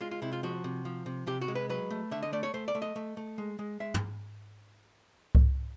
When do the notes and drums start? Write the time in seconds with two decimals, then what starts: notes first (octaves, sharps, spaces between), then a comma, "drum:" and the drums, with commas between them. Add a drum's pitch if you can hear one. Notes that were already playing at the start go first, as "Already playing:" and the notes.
0.01 G#3 F4
0.11 F4
0.22 C3 E4
0.33 F4
0.43 F3 F#4
0.64 C3
0.85 F3
1.06 C3
1.27 C3 G4
1.41 F#4
1.48 G#3
1.55 B4
1.69 F#3 B4
1.90 A3
2.11 D3 E5
2.23 D#5
2.33 A3 D5
2.43 C#5
2.54 A3 C5
2.68 D5
2.75 A3
2.82 D#5
2.96 A3
3.17 A3
3.38 G#3
3.59 G#3
3.80 G#3 E5
3.94 drum: tom
5.35 drum: kick C2